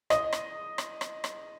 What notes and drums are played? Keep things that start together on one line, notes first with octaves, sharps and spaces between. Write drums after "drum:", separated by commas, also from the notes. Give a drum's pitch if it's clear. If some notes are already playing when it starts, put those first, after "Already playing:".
D#5, drum: rim click
drum: rim click
drum: rim click
drum: rim click
drum: rim click